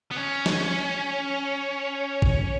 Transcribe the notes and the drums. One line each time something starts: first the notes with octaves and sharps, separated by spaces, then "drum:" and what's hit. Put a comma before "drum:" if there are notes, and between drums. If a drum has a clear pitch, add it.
B3
C#4
drum: snare
drum: kick